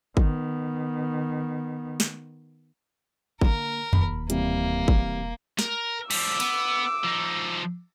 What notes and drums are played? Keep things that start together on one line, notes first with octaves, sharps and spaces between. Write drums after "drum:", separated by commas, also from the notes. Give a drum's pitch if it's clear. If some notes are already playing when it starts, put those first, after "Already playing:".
D#3 B3, drum: kick G#1
drum: snare
D3 A#3 A#4, drum: kick G#1
E1 D#2 B5, drum: tom F2
C3 E3 G3 A#3, drum: hi-hat
drum: kick G#1
A#4, drum: snare
F3 G3 D6 E6, drum: cymbal
B3, drum: cymbal
F3 D#4